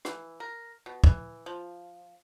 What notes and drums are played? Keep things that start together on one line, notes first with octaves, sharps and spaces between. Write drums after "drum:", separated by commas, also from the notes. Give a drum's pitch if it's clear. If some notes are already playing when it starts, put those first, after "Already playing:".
E3, drum: rim click
A#4
B2
E3, drum: kick
F3